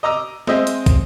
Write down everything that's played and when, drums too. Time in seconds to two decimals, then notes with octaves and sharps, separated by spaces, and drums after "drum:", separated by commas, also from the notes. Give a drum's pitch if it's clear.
0.03 D#5 A#5 D6 E6
0.47 G#3 C4 C5 D#5 E5, drum: snare
0.67 drum: hi-hat
0.86 drum: kick, hi-hat